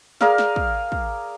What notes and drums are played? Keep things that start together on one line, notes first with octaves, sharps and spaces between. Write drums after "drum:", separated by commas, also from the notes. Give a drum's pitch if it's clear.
G#4 A#4 D5 F5, drum: snare
drum: snare
drum: kick
drum: kick